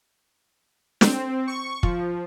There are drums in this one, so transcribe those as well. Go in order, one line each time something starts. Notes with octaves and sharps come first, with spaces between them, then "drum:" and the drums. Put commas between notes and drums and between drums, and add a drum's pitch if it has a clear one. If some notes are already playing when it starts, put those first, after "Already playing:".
C4, drum: snare
C#6
F3, drum: kick